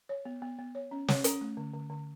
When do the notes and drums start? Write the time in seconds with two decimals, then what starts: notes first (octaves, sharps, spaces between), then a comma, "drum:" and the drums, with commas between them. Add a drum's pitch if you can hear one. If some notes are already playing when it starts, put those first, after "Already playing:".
0.09 C#5
0.25 B3
0.42 B3
0.58 B3
0.75 C#5
0.91 C#4
1.08 C#5, drum: snare
1.24 C#4, drum: hi-hat
1.41 A3
1.57 D3
1.73 D3
1.90 D3